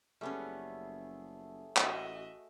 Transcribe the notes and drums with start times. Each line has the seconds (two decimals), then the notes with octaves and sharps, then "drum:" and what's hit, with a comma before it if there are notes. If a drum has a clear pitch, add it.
0.21 F#1 G3 A3 B3 C#4 G#4 A5
1.77 A1 F#4 D#5 E5, drum: clap